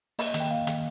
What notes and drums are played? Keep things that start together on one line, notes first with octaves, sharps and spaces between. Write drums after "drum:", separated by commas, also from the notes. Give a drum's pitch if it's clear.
A#3 D#5, drum: open hi-hat
D#3, drum: hi-hat
G5
A#3 F5
D#3, drum: hi-hat